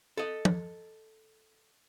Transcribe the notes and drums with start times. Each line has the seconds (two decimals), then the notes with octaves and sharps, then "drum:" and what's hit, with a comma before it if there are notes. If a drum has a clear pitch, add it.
0.17 A4 D#5
0.45 drum: tom